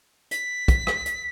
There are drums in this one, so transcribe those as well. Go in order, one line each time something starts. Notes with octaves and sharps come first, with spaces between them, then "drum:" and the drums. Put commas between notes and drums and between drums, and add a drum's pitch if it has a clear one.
B6, drum: hi-hat
drum: kick, hi-hat
drum: rim click
drum: hi-hat